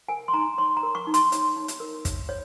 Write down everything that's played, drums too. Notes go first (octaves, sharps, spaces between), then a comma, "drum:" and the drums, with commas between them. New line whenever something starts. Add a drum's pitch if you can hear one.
A#4 G#5
C6
D#4 A#5
C#5 C6
A#5
A#4
C#6
D#4
C6, drum: hi-hat
C#5, drum: hi-hat
D#4
drum: hi-hat
A#4
C#5, drum: kick, hi-hat
C#5